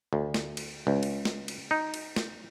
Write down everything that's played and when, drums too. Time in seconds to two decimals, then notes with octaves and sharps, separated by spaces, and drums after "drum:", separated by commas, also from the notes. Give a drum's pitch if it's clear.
0.13 D2
0.34 drum: snare
0.57 drum: cymbal
0.87 C#2
1.03 drum: cymbal
1.25 drum: snare
1.48 drum: cymbal
1.71 D#4
1.94 drum: cymbal
2.16 drum: snare